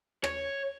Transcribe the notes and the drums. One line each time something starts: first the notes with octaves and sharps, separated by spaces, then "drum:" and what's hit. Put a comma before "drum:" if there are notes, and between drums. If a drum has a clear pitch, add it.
C#5, drum: rim click